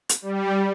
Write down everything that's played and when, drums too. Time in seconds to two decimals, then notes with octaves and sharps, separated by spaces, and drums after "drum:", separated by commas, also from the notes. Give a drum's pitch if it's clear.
0.09 drum: hi-hat
0.22 G3